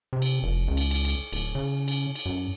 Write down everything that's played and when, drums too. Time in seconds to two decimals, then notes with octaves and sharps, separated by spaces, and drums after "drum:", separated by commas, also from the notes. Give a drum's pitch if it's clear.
0.13 C3
0.22 drum: cymbal
0.43 F1
0.68 C#2
0.77 drum: cymbal
0.91 drum: cymbal
1.05 drum: cymbal
1.32 D1, drum: cymbal
1.55 C#3
1.88 drum: cymbal
2.15 drum: cymbal
2.26 F#2